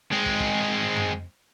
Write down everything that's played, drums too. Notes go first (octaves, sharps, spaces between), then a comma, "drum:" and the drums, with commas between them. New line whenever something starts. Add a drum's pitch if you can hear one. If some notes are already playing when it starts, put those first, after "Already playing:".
G#3 C4
drum: kick
drum: kick
drum: tom